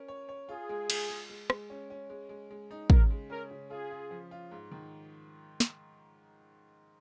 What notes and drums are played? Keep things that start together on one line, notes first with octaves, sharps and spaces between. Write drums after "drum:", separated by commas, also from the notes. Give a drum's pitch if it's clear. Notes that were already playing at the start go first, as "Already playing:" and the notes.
Already playing: C#4 A#4
C#5
C#5
F4 G#4
G#3
G#3, drum: cymbal
G#3
G#3
G#3, drum: rim click
C#4
C#4
G#3
G#3
G#3
D#4
C#3 A#4, drum: kick
G#3
C#4 A#4
C#3
F4 G#4
F4
F3
F4
G#2
D#3
drum: snare